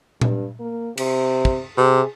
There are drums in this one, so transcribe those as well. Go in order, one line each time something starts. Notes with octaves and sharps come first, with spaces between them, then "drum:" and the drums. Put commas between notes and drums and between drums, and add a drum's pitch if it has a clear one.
G2, drum: tom A#2
A#3
C3, drum: cymbal
drum: kick
C3 G#4